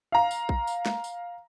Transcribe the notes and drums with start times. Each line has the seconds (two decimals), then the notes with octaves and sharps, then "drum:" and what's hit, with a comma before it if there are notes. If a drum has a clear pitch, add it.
0.12 F5 A#5
0.31 drum: tambourine
0.49 drum: kick A#1
0.67 drum: tambourine
0.86 drum: snare
1.04 drum: tambourine